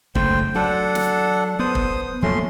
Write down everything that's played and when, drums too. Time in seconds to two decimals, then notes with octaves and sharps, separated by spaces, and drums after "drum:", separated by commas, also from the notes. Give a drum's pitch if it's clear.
0.15 F#1 D2 A3 C5 G5, drum: kick
0.55 F#3 D4 A4 F#5
0.95 drum: snare
1.59 B3 C5 D#6
1.75 drum: kick
2.23 F3 F#3 A3 A#3 C#4 C6